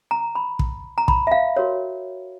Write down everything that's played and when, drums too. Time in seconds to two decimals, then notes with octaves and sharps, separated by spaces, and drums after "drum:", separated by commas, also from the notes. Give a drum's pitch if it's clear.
0.11 A#5
0.35 B5
0.59 drum: kick
0.98 A#5
1.08 B5, drum: kick
1.27 E5
1.32 F5
1.56 F#4 A#4 C#5